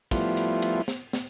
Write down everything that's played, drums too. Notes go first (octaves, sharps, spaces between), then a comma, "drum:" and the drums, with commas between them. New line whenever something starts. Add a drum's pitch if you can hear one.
F3 G3 A3 B3 E4 F4, drum: kick, cymbal
drum: cymbal
drum: cymbal
drum: snare
drum: snare